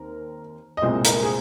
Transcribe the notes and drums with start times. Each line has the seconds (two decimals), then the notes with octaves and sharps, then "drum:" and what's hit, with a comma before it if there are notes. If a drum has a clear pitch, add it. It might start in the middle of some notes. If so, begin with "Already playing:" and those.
Already playing: D#2 C4 A#4
0.77 D#5
0.82 C2 A#2 G#3 C4 C5
1.05 A#4, drum: hi-hat
1.23 G#4